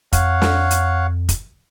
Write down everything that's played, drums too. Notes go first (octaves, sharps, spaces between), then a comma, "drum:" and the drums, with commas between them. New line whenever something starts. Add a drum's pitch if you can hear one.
F2 C#5 F5 F#5, drum: kick, hi-hat
drum: snare
drum: hi-hat
drum: kick, hi-hat